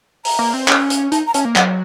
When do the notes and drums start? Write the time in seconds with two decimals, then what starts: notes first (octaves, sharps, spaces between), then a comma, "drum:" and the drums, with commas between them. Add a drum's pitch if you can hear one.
0.25 A#5, drum: open hi-hat
0.39 A#3
0.54 C4
0.68 C#4, drum: clap
0.90 drum: hi-hat
1.12 D#4 A5, drum: hi-hat
1.26 A#5
1.34 C#4 A5, drum: hi-hat
1.45 A#3
1.56 F#3 F#5, drum: clap